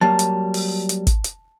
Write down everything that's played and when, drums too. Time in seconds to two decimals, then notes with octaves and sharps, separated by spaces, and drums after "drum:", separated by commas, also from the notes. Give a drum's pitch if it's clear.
0.01 F#3 G3 A#3 A5
0.19 drum: hi-hat
0.54 drum: open hi-hat
0.89 drum: hi-hat
1.07 drum: kick, hi-hat
1.24 drum: hi-hat